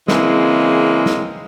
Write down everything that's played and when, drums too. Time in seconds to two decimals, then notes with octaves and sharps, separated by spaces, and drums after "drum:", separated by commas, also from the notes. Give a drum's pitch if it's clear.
0.08 C#3 E3 G#3 A#3 C4, drum: snare
1.06 drum: snare